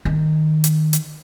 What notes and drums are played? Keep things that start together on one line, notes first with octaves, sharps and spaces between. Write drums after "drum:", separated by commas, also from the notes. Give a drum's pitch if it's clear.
D#3
drum: hi-hat
drum: hi-hat